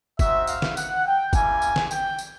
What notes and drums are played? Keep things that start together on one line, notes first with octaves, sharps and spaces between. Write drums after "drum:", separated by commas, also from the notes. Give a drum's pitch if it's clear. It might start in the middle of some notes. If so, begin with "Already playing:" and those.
C4 D#4 F#4 E5, drum: kick, tambourine
F5, drum: tambourine
drum: snare
F#5, drum: tambourine
G5
A#3 C#4 E4 G4 G#5, drum: kick, tambourine
drum: tambourine
drum: snare
G5, drum: tambourine
drum: tambourine